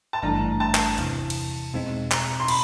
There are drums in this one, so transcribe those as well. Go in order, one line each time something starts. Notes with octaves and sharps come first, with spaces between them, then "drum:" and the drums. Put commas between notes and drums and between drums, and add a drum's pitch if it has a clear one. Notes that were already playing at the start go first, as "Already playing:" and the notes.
A5
G#1 G2 E3 A3 D4 A#5
A5
drum: clap
E2 C3 E3, drum: hi-hat
drum: cymbal
E2 B2 G#3 C4 D#4
A#5, drum: clap
C6
B5, drum: cymbal